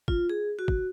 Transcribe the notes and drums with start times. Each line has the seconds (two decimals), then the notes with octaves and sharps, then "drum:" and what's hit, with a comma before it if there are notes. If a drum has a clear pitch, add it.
0.08 F4, drum: kick
0.29 G#4
0.59 F#4
0.68 drum: kick